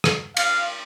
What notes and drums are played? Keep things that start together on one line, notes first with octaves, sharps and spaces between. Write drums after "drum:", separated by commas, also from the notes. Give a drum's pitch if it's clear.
drum: rim click
F5, drum: cymbal